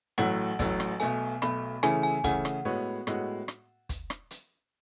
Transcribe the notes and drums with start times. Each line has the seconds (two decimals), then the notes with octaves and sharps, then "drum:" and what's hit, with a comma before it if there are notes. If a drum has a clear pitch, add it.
0.18 A1 A2 F#3 F#5, drum: rim click
0.59 A1 A2 F#3, drum: kick, hi-hat
0.80 drum: rim click
1.00 B1 B2 A3 G#5, drum: hi-hat
1.42 B1 B2 A3 B5, drum: rim click
1.83 C#3 E3 A3 C#4 G#4 G#5, drum: rim click
2.03 G#5
2.24 C#3 E3 A3 C#4 G#4 F#5, drum: kick, hi-hat
2.45 drum: rim click
2.65 A2 G#3 B3 F#4 C#5
3.07 A2 G#3 B3 F#4 C#5, drum: rim click
3.48 drum: rim click
3.89 drum: kick, hi-hat
4.10 drum: rim click
4.31 drum: hi-hat